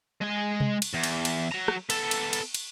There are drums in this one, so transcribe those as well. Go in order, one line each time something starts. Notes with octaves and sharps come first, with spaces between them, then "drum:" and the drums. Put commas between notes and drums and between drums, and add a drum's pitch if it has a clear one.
G#3 G#5
drum: tom C3
drum: cymbal
E2
drum: cymbal
drum: cymbal
F#3 A#5
drum: rim click
B3 A4, drum: cymbal
drum: cymbal
drum: cymbal
drum: cymbal